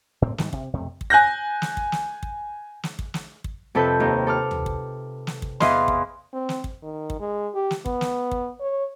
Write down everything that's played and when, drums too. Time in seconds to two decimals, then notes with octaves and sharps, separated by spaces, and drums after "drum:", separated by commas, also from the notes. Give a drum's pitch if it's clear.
0.22 A2 C4
0.38 G#2 D#3 G3 G#3, drum: snare
0.53 C3, drum: kick
0.73 B1 F2 C3 A3
1.01 drum: kick
1.10 G#5 F#6 G6 A#6
1.62 drum: snare
1.77 drum: kick
1.92 drum: snare
2.23 drum: kick
2.83 drum: snare
2.99 drum: kick
3.14 drum: snare
3.44 drum: kick
3.75 F2 C3 A4 B4 G6
4.00 D#2 D#3
4.27 A4 D6 F6
4.51 drum: tom
4.66 drum: kick
5.27 drum: snare
5.42 drum: kick
5.60 E2 E3 D#5 F5 C6, drum: snare
5.88 drum: kick
6.33 C4
6.49 drum: snare
6.64 drum: kick
6.83 D#3
7.10 drum: kick
7.20 G#3
7.54 G4
7.71 drum: snare
7.86 B3, drum: kick
8.01 drum: snare
8.31 drum: kick
8.61 C#5